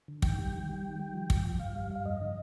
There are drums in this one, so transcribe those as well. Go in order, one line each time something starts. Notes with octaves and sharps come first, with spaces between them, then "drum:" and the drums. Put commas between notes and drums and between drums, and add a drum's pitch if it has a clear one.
D3
D#3 G5, drum: kick
G3
D#3
G3
D#3
G3
F3
F3, drum: kick
F3
G2 F5
G3
G2 F5
F2 D#5
D3